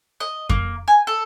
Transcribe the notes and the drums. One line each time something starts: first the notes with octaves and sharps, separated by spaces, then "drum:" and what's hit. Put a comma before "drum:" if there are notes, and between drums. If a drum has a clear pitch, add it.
D#5
A#3, drum: kick F2
G#5
A4